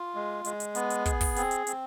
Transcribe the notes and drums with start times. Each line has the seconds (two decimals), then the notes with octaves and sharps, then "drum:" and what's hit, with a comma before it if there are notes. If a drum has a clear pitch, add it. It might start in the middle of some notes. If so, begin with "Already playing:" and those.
Already playing: F4
0.15 G#3
0.45 G#3, drum: hi-hat
0.60 drum: hi-hat
0.75 B3, drum: hi-hat
0.90 drum: hi-hat
1.06 G#4, drum: kick, hi-hat
1.21 drum: kick, open hi-hat
1.36 C4, drum: hi-hat
1.51 drum: hi-hat
1.67 C4, drum: hi-hat